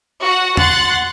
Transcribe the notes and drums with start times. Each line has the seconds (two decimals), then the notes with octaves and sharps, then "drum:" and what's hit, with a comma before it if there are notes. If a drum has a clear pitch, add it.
0.24 F#4 F#5
0.57 F#5 C6 F#6 A6, drum: tom E2